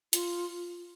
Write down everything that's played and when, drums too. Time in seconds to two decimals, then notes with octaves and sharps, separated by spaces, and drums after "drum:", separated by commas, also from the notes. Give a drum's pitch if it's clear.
0.13 F4, drum: hi-hat